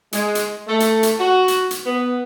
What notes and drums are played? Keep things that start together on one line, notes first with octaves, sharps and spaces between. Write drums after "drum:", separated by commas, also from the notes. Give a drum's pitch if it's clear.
G#3, drum: hi-hat
drum: hi-hat
A3
drum: hi-hat
drum: hi-hat
F#4
drum: hi-hat
drum: hi-hat
B3